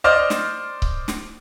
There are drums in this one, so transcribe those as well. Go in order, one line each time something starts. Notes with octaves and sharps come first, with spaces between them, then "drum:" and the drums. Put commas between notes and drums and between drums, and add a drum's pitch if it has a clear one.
C5 D5 D#5 F6
drum: snare
drum: kick C#1
drum: snare